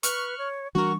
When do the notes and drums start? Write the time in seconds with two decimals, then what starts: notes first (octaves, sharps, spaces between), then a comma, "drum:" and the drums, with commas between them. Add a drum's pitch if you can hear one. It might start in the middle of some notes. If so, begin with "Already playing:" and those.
0.03 B4 C#6 F6 F#6, drum: hi-hat
0.38 C#5
0.75 E3 G3 D4 F#4 A#4 C#6